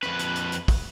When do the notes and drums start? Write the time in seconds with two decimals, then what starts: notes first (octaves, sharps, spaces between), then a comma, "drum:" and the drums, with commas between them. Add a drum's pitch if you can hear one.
0.03 F2 B4, drum: rim click
0.19 drum: hi-hat
0.36 drum: hi-hat
0.52 drum: hi-hat
0.68 drum: kick, open hi-hat